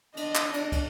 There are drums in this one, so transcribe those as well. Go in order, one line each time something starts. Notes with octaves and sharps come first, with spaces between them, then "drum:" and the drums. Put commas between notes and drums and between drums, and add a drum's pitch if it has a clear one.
D4 D#5, drum: cymbal
drum: clap
drum: cymbal
drum: kick, cymbal